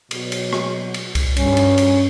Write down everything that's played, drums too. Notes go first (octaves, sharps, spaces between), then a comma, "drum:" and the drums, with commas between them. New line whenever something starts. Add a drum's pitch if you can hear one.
B2 F#3, drum: cymbal
drum: cymbal
drum: rim click
drum: cymbal
drum: kick C2, cymbal
G2 C#4, drum: cymbal
drum: cymbal
drum: cymbal